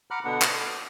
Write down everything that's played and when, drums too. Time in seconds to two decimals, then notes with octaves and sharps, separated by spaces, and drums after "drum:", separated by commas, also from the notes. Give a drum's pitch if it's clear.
0.11 F#5 A#5 B5 D6 F6 F#6
0.25 B2 D3 B3 D4 F#5
0.42 drum: clap
0.52 D6